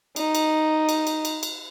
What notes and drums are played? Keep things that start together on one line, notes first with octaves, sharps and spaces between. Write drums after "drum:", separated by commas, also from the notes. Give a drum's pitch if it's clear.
D#4, drum: cymbal
drum: cymbal
drum: cymbal
drum: cymbal
drum: cymbal
drum: cymbal